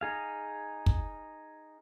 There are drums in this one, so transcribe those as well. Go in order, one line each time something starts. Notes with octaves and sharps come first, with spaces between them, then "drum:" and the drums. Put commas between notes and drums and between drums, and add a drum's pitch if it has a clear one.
D#4 G#4 F5
drum: kick